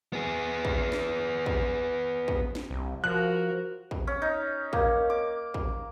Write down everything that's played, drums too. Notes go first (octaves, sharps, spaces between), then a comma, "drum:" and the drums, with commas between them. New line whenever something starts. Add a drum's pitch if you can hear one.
B3 G#4
drum: kick
drum: snare
drum: kick
drum: kick
drum: snare
C2
F3 F#4 A#4 F#6
drum: kick
C#4
D#4
A#3, drum: kick
D6
drum: kick